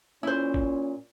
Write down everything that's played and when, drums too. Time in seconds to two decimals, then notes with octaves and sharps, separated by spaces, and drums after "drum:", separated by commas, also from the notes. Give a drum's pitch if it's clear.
0.23 A#2 C#4 E4 C5
0.54 drum: kick